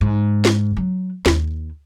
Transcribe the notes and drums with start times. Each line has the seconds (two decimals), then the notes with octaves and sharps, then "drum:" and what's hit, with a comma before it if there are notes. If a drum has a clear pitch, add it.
0.01 G#2
0.45 drum: snare
0.77 F#3
1.26 D#2, drum: snare